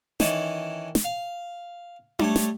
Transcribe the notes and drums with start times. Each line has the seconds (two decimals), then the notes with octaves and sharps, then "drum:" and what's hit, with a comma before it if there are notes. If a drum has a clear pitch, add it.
0.20 D#3 E3 C#4 D#4 A5, drum: snare
0.95 drum: snare
1.04 F5
2.19 G3 A3 C#5, drum: tom D4
2.36 drum: snare